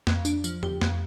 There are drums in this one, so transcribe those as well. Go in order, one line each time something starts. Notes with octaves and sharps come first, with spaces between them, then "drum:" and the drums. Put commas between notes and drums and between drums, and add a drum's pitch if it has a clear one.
F2, drum: snare
D4, drum: tambourine
F3, drum: tambourine
G4, drum: tom E2
F2, drum: snare